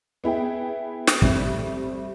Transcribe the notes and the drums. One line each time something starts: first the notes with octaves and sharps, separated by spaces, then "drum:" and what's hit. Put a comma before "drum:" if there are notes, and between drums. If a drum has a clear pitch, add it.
B3 E4 G#4 G5
drum: snare
G3 A3 C4, drum: kick